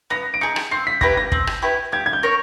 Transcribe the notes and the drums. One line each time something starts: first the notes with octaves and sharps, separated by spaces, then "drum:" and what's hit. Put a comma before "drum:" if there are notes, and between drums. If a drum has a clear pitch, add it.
B3 A#6
D7
D#4 G#4 C#7
drum: rim click
C4 C7
B6
E4 G4 B4 A#6, drum: kick
A#6
C4, drum: kick
drum: rim click
E4 G4 B4
G4 G#6
G#6
G6
A#4 C#5